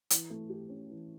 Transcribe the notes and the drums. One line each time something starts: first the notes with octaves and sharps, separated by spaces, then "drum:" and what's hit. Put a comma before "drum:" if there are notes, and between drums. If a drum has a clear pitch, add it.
E3, drum: hi-hat
A3
G4
C#4
E3